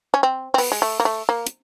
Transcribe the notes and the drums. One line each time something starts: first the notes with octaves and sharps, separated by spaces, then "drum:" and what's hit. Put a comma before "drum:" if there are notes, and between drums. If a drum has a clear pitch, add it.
C#4
C4
C4
B3, drum: open hi-hat
G#3
A3
A#3
A3
A#3
drum: hi-hat